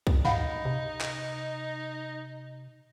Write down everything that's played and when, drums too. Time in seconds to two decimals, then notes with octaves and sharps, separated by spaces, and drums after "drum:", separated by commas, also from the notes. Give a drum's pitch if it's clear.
0.07 drum: kick C2
0.25 D#4 F5 F#5 B5, drum: tom G2
0.65 C3
1.01 drum: clap